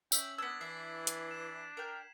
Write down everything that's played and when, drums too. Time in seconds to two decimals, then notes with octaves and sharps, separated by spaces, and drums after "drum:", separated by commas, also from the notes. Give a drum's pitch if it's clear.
0.12 C#4 E5 G5 F#7, drum: tambourine
0.38 B3 D4 E6 G#6 B6
0.61 E3 E5 C7
1.07 drum: hi-hat
1.31 E7
1.77 A#4 G5